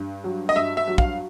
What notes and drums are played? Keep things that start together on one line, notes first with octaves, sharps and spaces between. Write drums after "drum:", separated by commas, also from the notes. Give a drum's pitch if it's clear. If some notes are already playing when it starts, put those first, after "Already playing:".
Already playing: G2
F#3
D#5
G2 E5
E5
F#3
F5, drum: kick